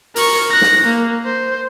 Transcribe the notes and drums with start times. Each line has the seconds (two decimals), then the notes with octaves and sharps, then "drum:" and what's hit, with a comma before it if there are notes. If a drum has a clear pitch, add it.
0.16 A#4 C#6, drum: open hi-hat
0.51 F#6 A#6
0.61 drum: snare
0.84 A#3
1.25 C5